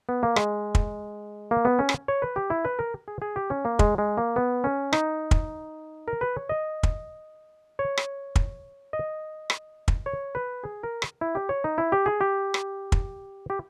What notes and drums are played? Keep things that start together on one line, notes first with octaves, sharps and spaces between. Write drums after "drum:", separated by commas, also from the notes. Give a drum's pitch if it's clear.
B3
A#3
G#3, drum: rim click
drum: kick
A#3
B3
C#4
drum: rim click
C#5
B4
G4
E4
B4
A#4
G#4
G#4
G4
C#4
A#3
G#3, drum: kick
G#3
A#3
B3
C#4
D#4, drum: rim click
drum: kick
A#4
B4
C#5
D#5
drum: kick
C#5
drum: rim click
drum: kick
D#5
drum: rim click
drum: kick
C#5
B4
G#4
A#4
drum: rim click
E4
G4
C#5
D#4
E4
G4
G#4
G4
drum: rim click
drum: kick
G4